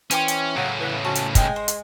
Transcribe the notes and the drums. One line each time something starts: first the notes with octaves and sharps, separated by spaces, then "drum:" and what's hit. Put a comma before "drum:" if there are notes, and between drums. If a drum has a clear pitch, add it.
E3 C#4 C5 G5 D6, drum: hi-hat
drum: hi-hat
A2 C#3 F#3
E3 B3
F3 C#4 F#4 A5
drum: hi-hat
G#3 F5 G5 G#5, drum: kick, hi-hat
C5
drum: hi-hat